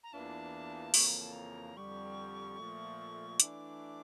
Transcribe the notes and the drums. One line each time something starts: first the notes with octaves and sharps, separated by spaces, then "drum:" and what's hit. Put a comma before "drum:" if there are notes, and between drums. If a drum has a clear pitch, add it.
A#5
E2 E3 A#3 D4 F4 A5
F2 C#3 E3 A#3 C#6, drum: open hi-hat
A#5
A5
A#5
F2 D3 G3 C#6
A#2 F3 A3
E3 A3 D4 D6, drum: hi-hat